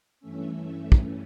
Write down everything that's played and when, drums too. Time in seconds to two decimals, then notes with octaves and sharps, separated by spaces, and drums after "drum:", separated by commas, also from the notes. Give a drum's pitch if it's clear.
0.20 G2 E3 A3 C#4 E5
0.92 drum: kick